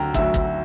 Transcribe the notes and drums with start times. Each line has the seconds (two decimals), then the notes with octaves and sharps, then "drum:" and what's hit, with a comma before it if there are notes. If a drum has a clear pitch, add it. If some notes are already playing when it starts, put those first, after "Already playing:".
Already playing: D2 D3 F#3 G5 A#5
0.14 D2 D3 F#3 E5, drum: kick
0.34 drum: kick